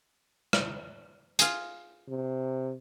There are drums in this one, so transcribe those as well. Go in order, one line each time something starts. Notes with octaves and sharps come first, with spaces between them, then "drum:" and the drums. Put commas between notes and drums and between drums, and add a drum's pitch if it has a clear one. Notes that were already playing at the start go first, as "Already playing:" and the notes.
drum: rim click
F4 G#4, drum: hi-hat
C3